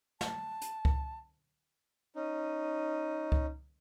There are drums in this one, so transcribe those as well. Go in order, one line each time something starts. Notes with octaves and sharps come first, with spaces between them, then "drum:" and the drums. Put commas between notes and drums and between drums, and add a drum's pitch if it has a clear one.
A5, drum: snare
drum: hi-hat
drum: kick C#2
C#4 D#4
drum: kick C#2